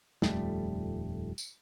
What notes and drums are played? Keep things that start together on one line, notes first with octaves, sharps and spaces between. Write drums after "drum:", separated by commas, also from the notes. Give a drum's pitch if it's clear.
D#1 F2 G3 A3, drum: snare
drum: tambourine